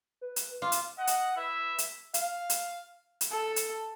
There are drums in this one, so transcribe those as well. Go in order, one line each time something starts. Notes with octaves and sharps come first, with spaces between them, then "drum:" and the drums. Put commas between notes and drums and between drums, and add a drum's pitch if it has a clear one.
B4
drum: hi-hat
F4 D6
drum: hi-hat
D#5 F#5
drum: hi-hat
E4 B4 E5
drum: hi-hat
F5, drum: hi-hat
drum: hi-hat
drum: hi-hat
A4
drum: hi-hat